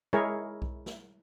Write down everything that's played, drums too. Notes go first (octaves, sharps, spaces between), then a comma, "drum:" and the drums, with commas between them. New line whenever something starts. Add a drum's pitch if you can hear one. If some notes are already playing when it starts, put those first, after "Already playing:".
G#3 E4 G#4 A#4 C#5
drum: kick B1
drum: snare